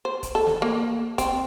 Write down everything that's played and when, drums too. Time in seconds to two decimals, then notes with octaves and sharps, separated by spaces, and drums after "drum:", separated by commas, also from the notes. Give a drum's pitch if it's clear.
0.05 C5
0.23 drum: kick E1, hi-hat
0.35 A4
0.47 drum: snare
0.62 A#3
1.18 C4, drum: kick E1, hi-hat